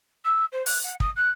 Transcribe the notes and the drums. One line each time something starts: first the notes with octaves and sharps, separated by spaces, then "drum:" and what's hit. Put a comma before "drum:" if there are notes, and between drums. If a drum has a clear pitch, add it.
E6
C5
F#6, drum: open hi-hat
F#5
D#6, drum: kick
F#6